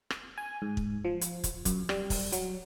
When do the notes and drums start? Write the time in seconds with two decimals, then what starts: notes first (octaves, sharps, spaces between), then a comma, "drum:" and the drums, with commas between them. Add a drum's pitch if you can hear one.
0.10 drum: rim click
0.38 G#5
0.62 G#2
0.77 drum: kick
1.05 F3
1.21 drum: hi-hat
1.44 drum: kick, hi-hat
1.65 F#2, drum: kick, hi-hat
1.89 G3, drum: rim click
2.10 drum: kick, open hi-hat
2.32 F#3, drum: hi-hat